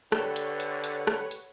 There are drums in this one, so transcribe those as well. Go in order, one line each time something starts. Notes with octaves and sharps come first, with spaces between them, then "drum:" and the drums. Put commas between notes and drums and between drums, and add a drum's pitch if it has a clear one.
D3 G4 A4 B4 C#5 F#5 G5, drum: rim click
drum: hi-hat
drum: hi-hat
drum: hi-hat
drum: rim click
drum: hi-hat